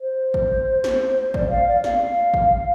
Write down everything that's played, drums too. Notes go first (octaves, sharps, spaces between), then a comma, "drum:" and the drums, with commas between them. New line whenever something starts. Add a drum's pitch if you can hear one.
C5
drum: kick G#1
drum: snare
D5, drum: kick G#1
F5
D5
F5, drum: snare
drum: kick G#1